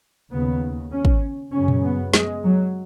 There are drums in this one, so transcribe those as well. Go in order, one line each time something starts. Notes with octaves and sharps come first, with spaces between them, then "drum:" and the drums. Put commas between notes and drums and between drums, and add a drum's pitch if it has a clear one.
D#2 C#3 B3
C#4
drum: kick
F#2 C#3 C#4
drum: tom A#2
B3
G#3, drum: snare
F#3